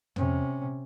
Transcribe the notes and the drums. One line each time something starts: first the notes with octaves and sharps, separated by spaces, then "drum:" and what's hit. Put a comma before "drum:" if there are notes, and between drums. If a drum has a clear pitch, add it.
C3 C#4, drum: tom